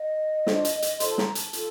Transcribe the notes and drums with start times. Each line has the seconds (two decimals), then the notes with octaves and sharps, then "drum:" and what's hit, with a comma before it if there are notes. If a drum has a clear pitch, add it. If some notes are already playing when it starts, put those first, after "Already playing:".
Already playing: D#5
0.47 D4 F4 C5, drum: snare
0.65 drum: hi-hat
0.82 drum: hi-hat
1.00 F4 A4 C5 C6, drum: hi-hat
1.10 A5
1.18 A#5, drum: snare
1.35 A5, drum: hi-hat
1.53 F4 A4, drum: hi-hat